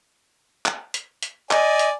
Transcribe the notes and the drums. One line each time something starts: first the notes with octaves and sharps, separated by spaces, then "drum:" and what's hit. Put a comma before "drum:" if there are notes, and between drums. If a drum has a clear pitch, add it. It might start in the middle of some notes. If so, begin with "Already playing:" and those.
drum: clap
drum: hi-hat
drum: hi-hat
D5 D#5 G#5, drum: clap
drum: hi-hat